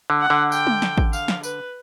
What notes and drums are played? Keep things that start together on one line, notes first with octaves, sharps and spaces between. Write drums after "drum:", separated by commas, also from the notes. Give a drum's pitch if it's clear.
D3
F#5
D3
G5, drum: tambourine
drum: tom
drum: snare
drum: kick A1
F5, drum: tambourine
drum: snare
B4, drum: tambourine